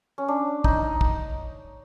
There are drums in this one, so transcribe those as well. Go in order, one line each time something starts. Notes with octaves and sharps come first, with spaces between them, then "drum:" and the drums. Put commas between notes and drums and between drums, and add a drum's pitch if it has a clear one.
C#4
D4
D#4, drum: kick
drum: kick